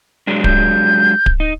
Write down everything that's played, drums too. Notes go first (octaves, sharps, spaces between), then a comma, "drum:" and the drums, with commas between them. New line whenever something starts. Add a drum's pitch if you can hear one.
F#3 G#3 D4
G6, drum: kick D1
drum: kick D1
D#4